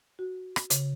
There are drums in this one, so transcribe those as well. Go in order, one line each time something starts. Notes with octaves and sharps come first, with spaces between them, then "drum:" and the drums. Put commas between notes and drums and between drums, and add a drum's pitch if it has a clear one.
F#4
drum: rim click
C#3, drum: hi-hat